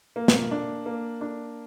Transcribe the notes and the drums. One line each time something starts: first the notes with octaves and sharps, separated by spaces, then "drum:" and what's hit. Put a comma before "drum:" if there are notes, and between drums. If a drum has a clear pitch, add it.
A#3
drum: snare
D4
A#3
D4